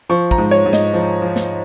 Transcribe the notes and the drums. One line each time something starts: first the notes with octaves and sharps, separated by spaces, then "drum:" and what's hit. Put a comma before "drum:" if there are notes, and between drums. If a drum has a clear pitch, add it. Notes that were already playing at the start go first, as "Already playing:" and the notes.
F3 C#6
A#5, drum: kick
G#2
C#5
G#2
D#5, drum: snare
F3
F3
drum: snare